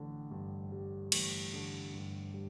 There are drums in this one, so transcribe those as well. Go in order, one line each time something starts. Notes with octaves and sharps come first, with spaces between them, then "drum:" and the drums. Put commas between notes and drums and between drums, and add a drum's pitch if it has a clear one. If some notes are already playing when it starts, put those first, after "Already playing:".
Already playing: A1 D3
G2
G3
A1, drum: cymbal
D3
G2
G3